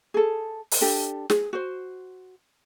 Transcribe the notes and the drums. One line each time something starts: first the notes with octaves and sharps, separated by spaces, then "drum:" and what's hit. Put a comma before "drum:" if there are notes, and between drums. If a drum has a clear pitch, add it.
G#4 A4
drum: open hi-hat
D4 G4 A4
G#4, drum: snare
F#4 C5